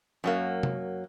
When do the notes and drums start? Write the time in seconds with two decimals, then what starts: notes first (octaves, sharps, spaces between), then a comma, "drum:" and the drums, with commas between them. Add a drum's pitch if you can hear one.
0.24 F#2 F#3 A#3
0.63 drum: tom C3